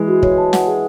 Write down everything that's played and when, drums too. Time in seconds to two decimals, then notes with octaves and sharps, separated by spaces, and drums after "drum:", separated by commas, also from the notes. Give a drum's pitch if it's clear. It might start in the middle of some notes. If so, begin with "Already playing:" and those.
Already playing: E3 G#3
0.08 F#4
0.23 C#5, drum: kick
0.38 A5
0.53 F#5, drum: snare
0.67 G#4